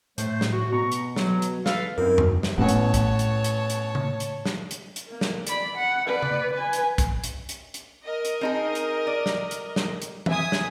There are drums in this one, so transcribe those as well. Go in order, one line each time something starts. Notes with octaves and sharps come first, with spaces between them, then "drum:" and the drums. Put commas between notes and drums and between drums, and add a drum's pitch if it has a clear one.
A2 A3 C5, drum: hi-hat
drum: snare
F#4
B2 A#5 C#6
drum: hi-hat
F#3, drum: snare
drum: hi-hat
A4 B4 F5, drum: snare
F#2 C4 D#4 E4 A#4
drum: tom E2
drum: snare
A1 A2 A3 B3 C#5 A5
drum: hi-hat
drum: kick, hi-hat
drum: hi-hat
drum: hi-hat
drum: hi-hat
drum: tom C#3
drum: hi-hat
drum: snare
drum: hi-hat
drum: hi-hat
A#3
drum: snare
D5 B5, drum: hi-hat
F#5
B4 D5
drum: tom C#3
B4 G#5
drum: hi-hat
drum: kick, hi-hat
drum: hi-hat
drum: hi-hat
drum: hi-hat
A#4 D#5
drum: hi-hat
C4 D#4 G#4
drum: hi-hat
D5
drum: snare
drum: hi-hat
drum: snare
drum: hi-hat
E5 G#5 D#6, drum: tom E3
drum: snare